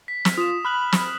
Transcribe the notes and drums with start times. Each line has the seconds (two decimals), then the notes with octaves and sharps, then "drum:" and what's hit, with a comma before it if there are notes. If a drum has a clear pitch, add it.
0.08 B6
0.25 drum: snare
0.38 F4 D#6 E7
0.65 B5 F6 F#6 F#7
0.92 drum: snare